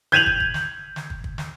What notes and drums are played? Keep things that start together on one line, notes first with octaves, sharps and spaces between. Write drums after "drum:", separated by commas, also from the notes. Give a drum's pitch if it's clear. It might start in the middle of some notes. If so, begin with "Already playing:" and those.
G6 G#6 D#7 F7 F#7, drum: snare
drum: kick
drum: kick
drum: snare
drum: snare
drum: kick
drum: kick
drum: snare